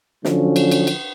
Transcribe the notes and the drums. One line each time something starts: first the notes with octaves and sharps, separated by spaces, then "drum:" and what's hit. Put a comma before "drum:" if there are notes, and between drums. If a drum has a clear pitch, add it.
D3 F3 F#3 C#4, drum: snare
drum: cymbal
drum: cymbal
drum: cymbal